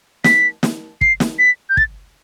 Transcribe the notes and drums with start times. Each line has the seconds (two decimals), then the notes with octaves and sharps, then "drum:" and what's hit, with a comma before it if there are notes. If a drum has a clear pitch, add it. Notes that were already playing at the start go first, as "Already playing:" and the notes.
0.24 B6, drum: snare
0.63 drum: snare
1.01 C7, drum: kick
1.20 drum: snare
1.39 B6
1.70 G6
1.77 A6, drum: kick